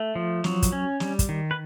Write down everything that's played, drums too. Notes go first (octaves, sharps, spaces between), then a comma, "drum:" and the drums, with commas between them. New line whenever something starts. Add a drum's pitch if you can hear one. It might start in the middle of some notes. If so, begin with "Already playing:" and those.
Already playing: A3
F3
F#3, drum: snare
drum: kick, hi-hat
C#4
G3, drum: snare
drum: kick, hi-hat
D#3
B4